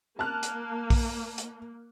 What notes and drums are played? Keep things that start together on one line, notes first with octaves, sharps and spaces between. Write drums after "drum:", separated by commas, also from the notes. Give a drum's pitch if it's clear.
A#3 A5 F6 F#6
drum: hi-hat
drum: kick A#1, open hi-hat
drum: hi-hat